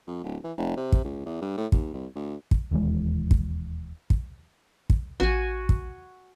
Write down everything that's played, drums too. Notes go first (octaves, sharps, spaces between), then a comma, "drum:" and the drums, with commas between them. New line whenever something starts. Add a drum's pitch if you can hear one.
F2
D1
E3
F1
C3
drum: kick
C#2
E2
G2
A2
D#2, drum: kick
C2
D2
drum: kick
E1 D#2 E3 G#3
drum: kick
drum: kick
drum: kick
A1 F#4 G#5
drum: kick